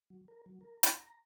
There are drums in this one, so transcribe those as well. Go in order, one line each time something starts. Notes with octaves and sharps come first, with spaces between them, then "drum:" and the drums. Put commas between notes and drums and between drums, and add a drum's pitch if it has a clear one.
F#3
A#4
F#3
A#4
D4, drum: hi-hat
A#5